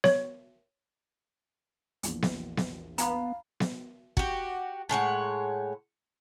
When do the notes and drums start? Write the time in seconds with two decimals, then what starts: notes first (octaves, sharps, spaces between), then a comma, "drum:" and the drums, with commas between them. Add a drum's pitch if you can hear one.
0.04 C#5, drum: snare B3
2.03 A#1 E2, drum: hi-hat
2.22 drum: snare B3
2.57 drum: snare B3
2.98 B3 F5 A#5 B5, drum: hi-hat
3.60 drum: snare B3
4.17 F#4 G4, drum: kick
4.89 A2 G#3 C#5 F#5